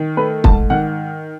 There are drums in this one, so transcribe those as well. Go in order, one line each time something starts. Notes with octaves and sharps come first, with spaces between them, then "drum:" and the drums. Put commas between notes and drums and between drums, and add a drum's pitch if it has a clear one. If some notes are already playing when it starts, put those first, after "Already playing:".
Already playing: D#3
A3 B4
G#2 A5, drum: kick
D#3 F#5